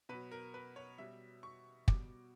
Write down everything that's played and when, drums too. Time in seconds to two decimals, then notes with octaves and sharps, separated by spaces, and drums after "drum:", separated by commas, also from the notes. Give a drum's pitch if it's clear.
0.09 B2 F#3 B4
0.31 A#4
0.54 B4
0.76 C#5
0.98 B2 G3 E5
1.43 C#6
1.88 B2 G3 D6, drum: kick